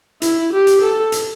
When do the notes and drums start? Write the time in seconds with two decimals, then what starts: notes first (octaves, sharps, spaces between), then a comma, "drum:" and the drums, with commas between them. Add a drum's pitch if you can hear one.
0.22 E4, drum: hi-hat
0.52 G4
0.67 drum: hi-hat
0.82 A4
1.12 drum: hi-hat